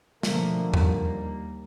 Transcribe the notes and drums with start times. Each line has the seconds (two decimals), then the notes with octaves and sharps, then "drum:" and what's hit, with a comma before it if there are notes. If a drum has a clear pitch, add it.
0.23 B2 D3 F3 A3 A#3, drum: snare
0.74 D#2 G3 A#3, drum: tom E2